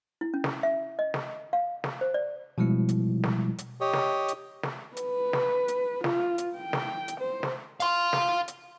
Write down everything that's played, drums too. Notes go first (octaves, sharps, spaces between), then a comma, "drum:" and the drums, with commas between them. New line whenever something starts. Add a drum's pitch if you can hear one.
E4
C#4
drum: snare
E5
D#5
drum: snare
F5
drum: snare
C5
D5
B2 F3 G3 G#3 E4
drum: hi-hat
drum: snare
drum: hi-hat
G4 C#5 D#5
drum: snare
drum: hi-hat
drum: snare
B4, drum: hi-hat
drum: snare
drum: hi-hat
F4, drum: snare
drum: hi-hat
G5
drum: snare
drum: hi-hat
C5
drum: snare
F5 C6, drum: hi-hat
drum: snare
drum: hi-hat